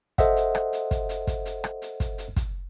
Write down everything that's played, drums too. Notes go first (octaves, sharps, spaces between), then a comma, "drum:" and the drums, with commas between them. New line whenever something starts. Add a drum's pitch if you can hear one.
A4 C5 D#5 E5 F#5, drum: kick, hi-hat
drum: hi-hat
drum: rim click
drum: hi-hat
drum: kick, hi-hat
drum: hi-hat
drum: kick, hi-hat
drum: hi-hat
drum: rim click
drum: hi-hat
drum: kick, hi-hat
drum: hi-hat
drum: kick, hi-hat